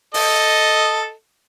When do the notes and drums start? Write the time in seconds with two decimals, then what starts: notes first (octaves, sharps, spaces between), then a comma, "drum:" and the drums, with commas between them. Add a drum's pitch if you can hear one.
0.14 A4 D#5, drum: open hi-hat